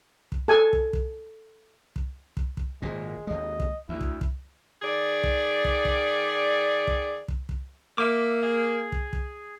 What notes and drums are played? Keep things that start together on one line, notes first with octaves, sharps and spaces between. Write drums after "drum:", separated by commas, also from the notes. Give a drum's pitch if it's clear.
drum: kick
A4 G#5
drum: kick
drum: kick
drum: kick
drum: kick
drum: kick
G#1 A#2 G#3
D#2 G#3 D#5
drum: kick
D2 E4
drum: kick
drum: kick
D#3 G#4 D5
drum: kick
drum: kick
drum: kick
drum: kick
drum: kick
drum: kick
A#3 E5 D6
G#4
drum: kick
drum: kick